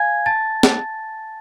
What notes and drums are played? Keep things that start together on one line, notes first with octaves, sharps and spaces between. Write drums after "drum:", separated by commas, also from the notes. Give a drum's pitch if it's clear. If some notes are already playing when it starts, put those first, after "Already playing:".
Already playing: F5 G#5 G#6
A5 A6
drum: snare